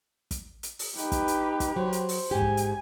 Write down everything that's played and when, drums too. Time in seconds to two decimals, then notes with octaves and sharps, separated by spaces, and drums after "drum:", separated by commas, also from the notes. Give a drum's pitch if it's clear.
0.31 drum: kick, hi-hat
0.63 drum: hi-hat
0.79 drum: open hi-hat
0.98 D#4 G4 B4, drum: hi-hat
1.12 drum: kick, hi-hat
1.28 drum: hi-hat
1.60 drum: kick, hi-hat
1.76 F#3 C5
1.93 drum: hi-hat
2.09 drum: open hi-hat
2.31 G#2 G4 G#5
2.41 drum: kick
2.57 drum: hi-hat